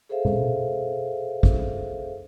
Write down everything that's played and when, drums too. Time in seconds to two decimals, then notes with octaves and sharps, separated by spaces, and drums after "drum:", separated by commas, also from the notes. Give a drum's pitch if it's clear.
0.09 G#4 A4 C5 E5 F5
0.25 drum: tom B2
1.43 drum: kick